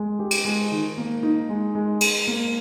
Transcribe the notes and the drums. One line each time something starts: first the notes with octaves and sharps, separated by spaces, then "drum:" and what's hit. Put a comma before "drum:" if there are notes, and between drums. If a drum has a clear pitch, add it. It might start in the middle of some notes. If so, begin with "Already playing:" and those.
Already playing: G#3
G4
drum: cymbal
G#3
D#3
A#3
D#4
G#3
G#3
G#4, drum: cymbal
A#3